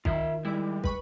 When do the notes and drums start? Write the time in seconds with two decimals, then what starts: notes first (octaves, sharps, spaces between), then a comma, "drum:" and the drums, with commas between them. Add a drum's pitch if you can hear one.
0.05 D#3 F4 E5, drum: kick
0.45 G3 G#3 E4 D6
0.84 B4 B5 C#6, drum: kick